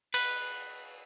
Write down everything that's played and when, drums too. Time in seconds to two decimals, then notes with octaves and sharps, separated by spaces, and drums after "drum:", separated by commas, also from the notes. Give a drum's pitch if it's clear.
0.14 B4, drum: cymbal